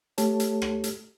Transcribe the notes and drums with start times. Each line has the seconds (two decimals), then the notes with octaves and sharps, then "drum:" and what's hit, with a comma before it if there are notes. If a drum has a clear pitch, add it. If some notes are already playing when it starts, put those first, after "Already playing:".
0.18 A3 G4 A4 C#5 A5, drum: hi-hat
0.40 drum: hi-hat
0.62 drum: rim click
0.84 drum: hi-hat